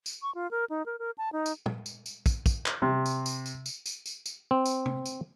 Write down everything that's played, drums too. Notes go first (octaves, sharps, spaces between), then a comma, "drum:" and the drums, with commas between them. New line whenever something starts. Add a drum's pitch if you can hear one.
drum: tambourine
C#6
F4
A#4
D#4
A#4
A#4
A5
D#4
drum: tambourine
drum: tom
drum: tambourine
drum: tambourine
drum: kick, tambourine
drum: kick, tambourine
drum: clap
C3
drum: tambourine
drum: tambourine
drum: tambourine
drum: tambourine
drum: tambourine
drum: tambourine
drum: tambourine
C4
drum: tambourine
drum: tom
drum: tambourine